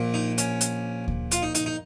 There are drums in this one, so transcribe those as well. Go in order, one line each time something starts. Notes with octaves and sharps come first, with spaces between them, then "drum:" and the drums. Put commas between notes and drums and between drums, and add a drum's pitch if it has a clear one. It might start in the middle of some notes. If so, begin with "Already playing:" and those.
Already playing: A#1 A#2
D#4
C#4, drum: hi-hat
drum: hi-hat
drum: kick D2
F4, drum: hi-hat
D#4
D#4, drum: hi-hat
D#4